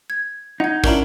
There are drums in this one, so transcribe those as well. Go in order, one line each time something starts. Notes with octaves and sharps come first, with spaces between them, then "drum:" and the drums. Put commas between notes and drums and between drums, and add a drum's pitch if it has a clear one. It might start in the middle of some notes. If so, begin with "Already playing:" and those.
G#6
D#4 F#5 G#6
C#4 D4 E4 A#4 A#5, drum: kick